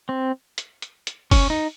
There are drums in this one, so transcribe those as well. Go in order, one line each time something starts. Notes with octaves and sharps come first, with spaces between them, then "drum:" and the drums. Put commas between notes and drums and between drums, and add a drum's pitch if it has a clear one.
C4
drum: hi-hat
drum: hi-hat
drum: hi-hat
C#4, drum: kick F#1, open hi-hat
D#4